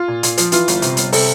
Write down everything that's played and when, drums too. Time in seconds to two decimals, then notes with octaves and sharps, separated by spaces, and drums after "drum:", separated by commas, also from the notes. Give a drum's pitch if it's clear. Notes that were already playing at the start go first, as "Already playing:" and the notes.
Already playing: F4
0.08 A#2
0.23 A#2, drum: hi-hat
0.37 F3, drum: hi-hat
0.52 E3 F4, drum: hi-hat
0.68 G1, drum: hi-hat
0.82 C3, drum: hi-hat
0.97 G1, drum: hi-hat
1.13 C3 A4, drum: open hi-hat